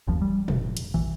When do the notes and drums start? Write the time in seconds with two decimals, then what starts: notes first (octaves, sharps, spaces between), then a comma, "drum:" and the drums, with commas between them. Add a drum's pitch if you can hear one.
0.07 F#1 D#2 F3
0.22 G3
0.48 F1, drum: tom
0.77 drum: hi-hat
0.94 A#1 E3